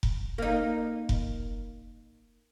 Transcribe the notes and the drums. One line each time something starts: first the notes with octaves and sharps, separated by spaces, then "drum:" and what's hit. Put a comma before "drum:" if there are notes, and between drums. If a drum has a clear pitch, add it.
drum: kick F1
A#3 D#4
drum: kick F1